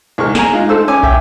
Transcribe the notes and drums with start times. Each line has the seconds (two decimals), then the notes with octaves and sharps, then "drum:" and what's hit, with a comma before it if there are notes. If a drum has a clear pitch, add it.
0.18 C2 G#3 C#6 F6
0.35 G#5 A#5, drum: snare
0.53 G#3 D#4 F4 G#4
0.69 A3 A4 C5 E6
0.88 C#4 G#5 D6
1.03 E5 G5 D6, drum: kick